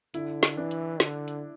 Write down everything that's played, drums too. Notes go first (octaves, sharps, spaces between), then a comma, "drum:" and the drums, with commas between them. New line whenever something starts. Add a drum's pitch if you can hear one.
D3 E4, drum: hi-hat
drum: snare
E3 D4
drum: hi-hat
D3, drum: snare
drum: hi-hat